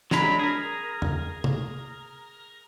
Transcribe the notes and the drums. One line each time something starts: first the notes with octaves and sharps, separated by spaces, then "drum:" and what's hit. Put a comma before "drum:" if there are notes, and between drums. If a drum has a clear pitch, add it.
F#3 G#3 D4 A#5 B5, drum: snare
G#4 A#4
drum: tom
drum: tom